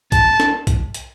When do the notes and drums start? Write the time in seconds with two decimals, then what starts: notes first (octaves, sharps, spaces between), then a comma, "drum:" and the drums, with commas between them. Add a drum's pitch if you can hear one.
0.12 A5, drum: kick B1, hi-hat
0.40 drum: snare
0.67 drum: kick B1, hi-hat
0.94 drum: hi-hat